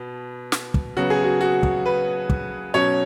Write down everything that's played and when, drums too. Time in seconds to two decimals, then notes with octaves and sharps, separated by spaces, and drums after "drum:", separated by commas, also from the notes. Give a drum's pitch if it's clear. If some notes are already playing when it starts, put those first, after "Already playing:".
Already playing: B2 B3
0.52 drum: snare
0.74 drum: kick
0.97 C#3 F#3 B3 F#4
1.10 G#4
1.24 F#4
1.41 F#4
1.63 drum: kick
1.86 B4
2.30 drum: kick
2.74 B2 F#3 C#4 C#5